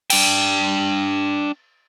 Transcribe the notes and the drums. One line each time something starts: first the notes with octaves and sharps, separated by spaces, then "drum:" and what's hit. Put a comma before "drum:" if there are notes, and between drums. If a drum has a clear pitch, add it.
D4 G5, drum: cymbal